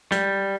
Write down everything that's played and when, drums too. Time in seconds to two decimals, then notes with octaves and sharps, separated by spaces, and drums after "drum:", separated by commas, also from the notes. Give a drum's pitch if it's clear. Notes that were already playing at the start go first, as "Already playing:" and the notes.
0.12 G3, drum: snare